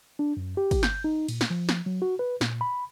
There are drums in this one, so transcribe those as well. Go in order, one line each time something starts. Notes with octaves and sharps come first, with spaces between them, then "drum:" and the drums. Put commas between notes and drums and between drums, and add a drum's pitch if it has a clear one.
D4
F#2
G4
drum: kick, cymbal
G6, drum: snare
D#4
A#2, drum: cymbal
drum: snare
F3
drum: snare
F#3
F#4
B4
A#2, drum: snare
B5